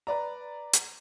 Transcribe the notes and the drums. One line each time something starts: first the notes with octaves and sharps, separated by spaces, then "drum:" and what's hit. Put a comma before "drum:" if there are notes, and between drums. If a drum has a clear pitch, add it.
B4 D5 A#5
drum: hi-hat